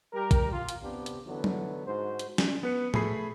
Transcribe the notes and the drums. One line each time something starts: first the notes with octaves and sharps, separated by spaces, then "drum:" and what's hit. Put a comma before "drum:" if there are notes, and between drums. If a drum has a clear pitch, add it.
G3 G4 A#4
drum: kick, hi-hat
F4
drum: hi-hat
C3 B3 D4 G4
drum: hi-hat
D3 E3 F#3 B3
drum: tom F#3
G#2 F#4 C5
drum: hi-hat
drum: snare
B3 B4 C#7
A3 G#4 B5 C7, drum: tom A2